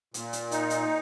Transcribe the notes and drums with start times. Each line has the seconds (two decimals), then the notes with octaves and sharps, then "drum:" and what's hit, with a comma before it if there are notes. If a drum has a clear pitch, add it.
0.14 A#2, drum: hi-hat
0.33 drum: hi-hat
0.51 D#4, drum: hi-hat
0.70 drum: hi-hat